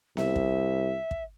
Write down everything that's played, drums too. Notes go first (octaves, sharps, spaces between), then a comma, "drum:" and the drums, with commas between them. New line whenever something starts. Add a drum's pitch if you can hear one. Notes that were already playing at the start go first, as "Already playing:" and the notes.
C2 E5, drum: snare B3
drum: kick
drum: kick